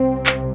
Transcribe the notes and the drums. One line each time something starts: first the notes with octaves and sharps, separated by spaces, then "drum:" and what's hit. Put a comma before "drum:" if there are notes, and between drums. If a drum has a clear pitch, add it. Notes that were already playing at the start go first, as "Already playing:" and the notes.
Already playing: C2 C3 C4
drum: clap